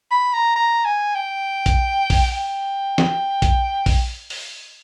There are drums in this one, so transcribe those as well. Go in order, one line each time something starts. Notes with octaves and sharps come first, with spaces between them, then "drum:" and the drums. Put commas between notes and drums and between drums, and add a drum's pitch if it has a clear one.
B5
A#5
A#5
G#5
G5
drum: kick A#1, hi-hat
drum: kick A#1, open hi-hat
G5
drum: snare
drum: kick A#1, hi-hat
drum: kick A#1, open hi-hat
drum: open hi-hat